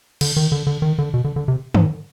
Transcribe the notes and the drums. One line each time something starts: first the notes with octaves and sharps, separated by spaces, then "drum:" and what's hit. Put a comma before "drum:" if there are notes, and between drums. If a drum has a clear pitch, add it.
D3, drum: cymbal
D#3
D3
D3
D#3
D3
B2
D3
D3
C3
G#2, drum: tom